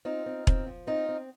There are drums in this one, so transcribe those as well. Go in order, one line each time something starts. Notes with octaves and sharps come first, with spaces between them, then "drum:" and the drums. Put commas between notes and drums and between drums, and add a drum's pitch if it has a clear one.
C4 D#4 F4
C4
C4, drum: kick E1
F3
C4 D#4 F4
C4